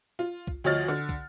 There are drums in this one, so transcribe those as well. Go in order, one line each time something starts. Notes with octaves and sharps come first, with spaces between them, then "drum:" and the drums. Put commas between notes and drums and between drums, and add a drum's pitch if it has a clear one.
F4
drum: kick
D2 F3 C#5 D#5 F6 A6
D3
drum: kick, hi-hat